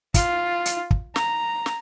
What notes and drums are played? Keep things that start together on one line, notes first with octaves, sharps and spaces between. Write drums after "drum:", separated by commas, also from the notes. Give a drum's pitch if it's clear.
F4, drum: kick, hi-hat
drum: hi-hat
drum: kick
A#5, drum: snare
drum: snare